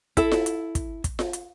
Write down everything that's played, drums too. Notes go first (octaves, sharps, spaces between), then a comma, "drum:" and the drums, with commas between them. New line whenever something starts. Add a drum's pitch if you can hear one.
E4 A4, drum: kick, hi-hat
drum: snare F4
drum: hi-hat
drum: kick, hi-hat
drum: kick, hi-hat
drum: snare F4
drum: hi-hat